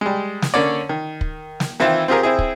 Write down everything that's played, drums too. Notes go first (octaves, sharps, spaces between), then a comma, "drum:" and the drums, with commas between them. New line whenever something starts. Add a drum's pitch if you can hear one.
G3 G#3
drum: snare
D3 A#3 C#4 C#5 D5
D#3
drum: kick
drum: snare
D#3 E3 C4 E4 F4
C4 F4 G4 G#4 A#4
C4 E4 G#4
drum: kick